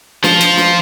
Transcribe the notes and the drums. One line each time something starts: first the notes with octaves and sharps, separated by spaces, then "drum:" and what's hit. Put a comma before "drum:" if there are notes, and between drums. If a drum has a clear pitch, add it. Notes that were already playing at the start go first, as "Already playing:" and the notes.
F3 F4, drum: snare
drum: hi-hat
drum: snare